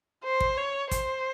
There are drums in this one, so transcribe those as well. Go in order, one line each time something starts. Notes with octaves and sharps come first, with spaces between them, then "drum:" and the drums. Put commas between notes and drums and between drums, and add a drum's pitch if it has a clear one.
C5
drum: kick
C#5
C5, drum: kick, hi-hat